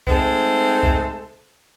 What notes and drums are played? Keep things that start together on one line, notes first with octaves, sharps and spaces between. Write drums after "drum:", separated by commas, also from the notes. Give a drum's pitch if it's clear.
G#3 A3 C4 D#4 A4, drum: kick C2
drum: kick C2